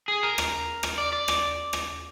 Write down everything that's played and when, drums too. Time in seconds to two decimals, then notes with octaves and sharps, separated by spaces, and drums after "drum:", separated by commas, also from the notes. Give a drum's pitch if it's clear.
0.08 G#4
0.23 A#4
0.38 drum: rim click
0.83 drum: rim click
0.98 D5
1.13 D5
1.28 drum: rim click
1.73 drum: rim click